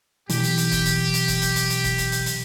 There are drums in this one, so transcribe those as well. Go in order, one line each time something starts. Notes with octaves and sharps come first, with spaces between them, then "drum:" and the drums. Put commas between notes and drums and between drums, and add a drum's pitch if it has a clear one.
B1 E3 G4, drum: hi-hat
drum: hi-hat
drum: hi-hat
drum: kick, hi-hat
drum: hi-hat
drum: hi-hat
drum: kick, hi-hat
drum: hi-hat
drum: hi-hat
drum: hi-hat
drum: kick, hi-hat
drum: hi-hat
drum: hi-hat
drum: hi-hat